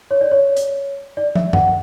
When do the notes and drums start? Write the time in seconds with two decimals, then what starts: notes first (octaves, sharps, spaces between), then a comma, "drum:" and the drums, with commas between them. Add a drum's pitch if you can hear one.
0.11 C#5
0.21 D5
0.31 C#5
0.57 drum: hi-hat
1.17 D5
1.35 E5, drum: tom
1.53 F#5, drum: tom F#2